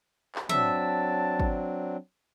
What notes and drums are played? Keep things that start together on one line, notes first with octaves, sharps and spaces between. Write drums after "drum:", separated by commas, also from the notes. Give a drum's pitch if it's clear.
drum: clap
F#3 C4 D4 E5 A5, drum: tom
drum: kick